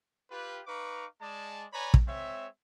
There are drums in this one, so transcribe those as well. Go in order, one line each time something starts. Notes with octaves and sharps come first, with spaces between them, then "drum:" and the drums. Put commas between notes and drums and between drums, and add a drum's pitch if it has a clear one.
F4 G4 B4
D#4 B4 F5 A#5 C#6 D6
G#3 D5 A5
B4 C#5 D5 G#5 A#5 B5
drum: kick
G#3 C4 C#5 E5